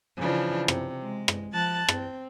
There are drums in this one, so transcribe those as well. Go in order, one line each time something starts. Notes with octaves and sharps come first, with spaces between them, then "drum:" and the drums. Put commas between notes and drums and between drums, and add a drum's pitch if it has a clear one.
C#3 E3 F3 D4
C3, drum: rim click
G#3
drum: rim click
F3 A5 F#6 A6
C4, drum: rim click